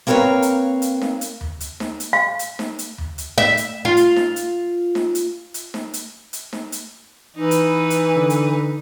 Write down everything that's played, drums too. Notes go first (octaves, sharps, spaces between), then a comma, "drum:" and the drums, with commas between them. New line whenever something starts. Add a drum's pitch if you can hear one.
A#3 C4 A#4 B4 C#5 F5
drum: hi-hat
drum: hi-hat
drum: snare D#4
drum: hi-hat
drum: tom D#2
drum: hi-hat
drum: snare D#4
drum: hi-hat
F5
drum: hi-hat
drum: snare D#4
drum: hi-hat
drum: tom D#2
drum: hi-hat
E5, drum: snare D#4
drum: hi-hat
F4
drum: hi-hat
drum: snare D#4
drum: hi-hat
drum: snare D#4
drum: hi-hat
drum: hi-hat
drum: snare D#4
drum: hi-hat
drum: hi-hat
drum: snare D#4
drum: hi-hat
E3 D#4 B4
drum: hi-hat
drum: hi-hat
D3
drum: hi-hat